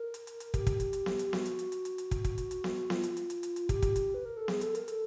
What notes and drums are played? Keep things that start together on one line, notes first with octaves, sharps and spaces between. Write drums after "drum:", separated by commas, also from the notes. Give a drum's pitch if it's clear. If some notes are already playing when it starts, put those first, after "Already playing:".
Already playing: A#4
drum: hi-hat
drum: hi-hat
drum: hi-hat
G4, drum: kick, hi-hat
drum: kick, hi-hat
drum: hi-hat
drum: hi-hat
drum: snare B3
drum: hi-hat
F#4, drum: snare B3
drum: hi-hat
drum: hi-hat
drum: hi-hat
drum: hi-hat
drum: hi-hat
drum: kick, hi-hat
drum: kick, hi-hat
drum: hi-hat
drum: hi-hat
drum: snare B3
F4, drum: snare B3
drum: hi-hat
drum: hi-hat
drum: hi-hat
drum: hi-hat
drum: hi-hat
G4, drum: kick, hi-hat
drum: kick, hi-hat
drum: hi-hat
B4
A#4
A4
G#4, drum: snare B3
A4, drum: hi-hat
A#4, drum: hi-hat
A4, drum: hi-hat